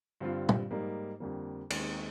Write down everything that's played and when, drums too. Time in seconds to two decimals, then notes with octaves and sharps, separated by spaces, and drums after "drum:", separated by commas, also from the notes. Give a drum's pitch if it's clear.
0.21 G2 D3 G3 C4 F4
0.49 drum: tom
0.71 G#2 G3 A#3 D#4
1.20 F2 D3 G3 A#3
1.70 D#2 D#3 G#3 C4, drum: cymbal